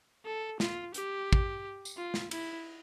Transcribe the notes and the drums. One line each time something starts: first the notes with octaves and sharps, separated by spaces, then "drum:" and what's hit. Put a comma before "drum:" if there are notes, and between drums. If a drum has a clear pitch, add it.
A4
F4, drum: snare
G4, drum: hi-hat
drum: kick
drum: tambourine
F4
drum: snare
E4, drum: cymbal